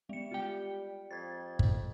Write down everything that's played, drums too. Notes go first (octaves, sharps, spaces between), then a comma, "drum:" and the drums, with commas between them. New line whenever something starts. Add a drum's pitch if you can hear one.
G3 G#3 C#7
F4 G4 G5
F2 G#6 A6
drum: kick